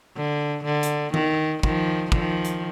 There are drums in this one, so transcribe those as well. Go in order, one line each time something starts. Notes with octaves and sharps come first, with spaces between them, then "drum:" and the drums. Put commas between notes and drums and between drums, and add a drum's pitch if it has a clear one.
D3
D3
drum: hi-hat
D#3, drum: tom D#3
D#3 F3, drum: kick
D#3 F3, drum: kick
drum: hi-hat